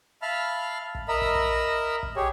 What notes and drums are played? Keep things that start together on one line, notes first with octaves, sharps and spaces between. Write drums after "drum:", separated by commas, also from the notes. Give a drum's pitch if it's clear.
E5 F5 A5 B5 F6
drum: kick
A#4 D#5 E5 A#5 B5 E6
drum: kick
drum: kick
drum: kick
G4 G#4 C#5